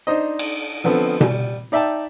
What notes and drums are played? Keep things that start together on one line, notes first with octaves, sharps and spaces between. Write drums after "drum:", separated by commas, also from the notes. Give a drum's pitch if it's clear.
D4 D#4 C5 D#5
drum: cymbal
D3 F3 B3 C4 A4
G3, drum: tom B2
D#4 D5 E5 G5 A5